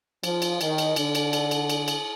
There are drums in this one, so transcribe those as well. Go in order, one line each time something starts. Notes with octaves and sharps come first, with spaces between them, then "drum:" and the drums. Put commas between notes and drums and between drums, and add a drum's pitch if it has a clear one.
F3, drum: cymbal
drum: cymbal
D#3, drum: cymbal
drum: cymbal
D3, drum: cymbal
drum: cymbal
drum: cymbal
drum: cymbal
drum: cymbal
drum: cymbal